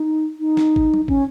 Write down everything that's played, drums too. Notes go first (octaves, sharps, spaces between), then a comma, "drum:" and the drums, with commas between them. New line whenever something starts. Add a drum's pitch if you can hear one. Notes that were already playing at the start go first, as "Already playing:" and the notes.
Already playing: D#4
D#4
drum: snare
drum: kick
drum: tom
C#4, drum: kick